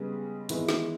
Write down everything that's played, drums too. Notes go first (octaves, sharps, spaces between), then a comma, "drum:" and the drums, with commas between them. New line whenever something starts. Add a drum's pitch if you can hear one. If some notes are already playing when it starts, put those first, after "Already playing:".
Already playing: C#3 G3 G#3 B3 G#4
D#3 E3 G#3 B3 E4, drum: hi-hat
drum: snare